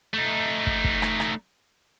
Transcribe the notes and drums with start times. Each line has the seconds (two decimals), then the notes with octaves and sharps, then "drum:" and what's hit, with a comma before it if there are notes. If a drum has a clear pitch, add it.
0.13 A3 D#4
0.67 drum: kick
0.84 drum: kick
1.02 drum: rim click
1.20 drum: rim click